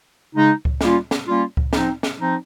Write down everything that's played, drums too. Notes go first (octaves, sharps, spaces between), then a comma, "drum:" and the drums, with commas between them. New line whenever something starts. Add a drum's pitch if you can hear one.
C#3 G#3 D#4
drum: kick C#2
G3 A#3 C#4 F4, drum: snare
drum: snare
G3 A#3 C#4 F4
drum: kick C#2
F3 C4 D#4, drum: snare
drum: snare
F3 C4 D#4